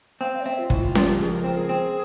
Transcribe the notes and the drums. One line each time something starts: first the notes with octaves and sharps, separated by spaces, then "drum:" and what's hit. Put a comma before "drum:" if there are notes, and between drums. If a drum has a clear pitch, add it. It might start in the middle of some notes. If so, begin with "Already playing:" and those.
C4 F5
F5
C#5
C4 E5
F4
C#2 E4, drum: kick
F4
F3, drum: snare C#4
G4
C#2 G#4
A#4
C4 A#4
G#4
C4